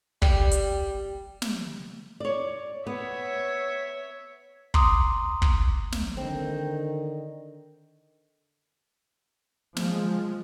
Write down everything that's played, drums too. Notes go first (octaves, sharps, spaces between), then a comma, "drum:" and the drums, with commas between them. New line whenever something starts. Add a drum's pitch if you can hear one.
G3, drum: kick
drum: hi-hat
drum: snare
C#5 D5
B3 C#5 E5
A#5 C6 D6 D#6, drum: kick
drum: kick
drum: snare
D3 D#3 C4 D#4
F3 G#3, drum: snare